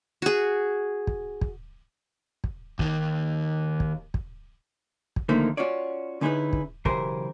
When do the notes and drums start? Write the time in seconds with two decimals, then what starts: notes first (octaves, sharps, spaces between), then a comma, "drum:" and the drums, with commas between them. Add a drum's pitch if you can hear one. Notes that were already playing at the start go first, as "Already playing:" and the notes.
0.22 F#4 G#4
1.07 drum: kick
1.41 drum: kick
2.44 drum: kick
2.79 D#2 D#3, drum: kick
3.80 drum: kick
4.14 drum: kick
5.16 drum: kick
5.29 D3 D#3 F3 A3 A#3 D#4
5.57 C#4 F4 F#4 C#5 D5
6.21 D3 C#4 D#4 E4 G#4 B4
6.53 drum: kick
6.85 B1 C#3 E3 G4 A#4 C5, drum: kick